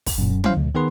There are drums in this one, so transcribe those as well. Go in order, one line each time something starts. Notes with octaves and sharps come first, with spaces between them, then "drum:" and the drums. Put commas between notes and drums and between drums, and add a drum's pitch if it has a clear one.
drum: kick, open hi-hat
F#2 A#2
F#2
C#4 E4 C5 F5, drum: tom
D2
D#3 B3 G#4 B4 C6